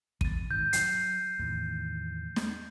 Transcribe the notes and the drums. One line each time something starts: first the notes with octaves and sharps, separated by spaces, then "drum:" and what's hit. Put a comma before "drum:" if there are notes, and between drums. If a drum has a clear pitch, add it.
E2 B2 A6 D#7, drum: kick
G#2 D#3 G6
F#3 C7, drum: hi-hat
E2 A2 D#3
drum: snare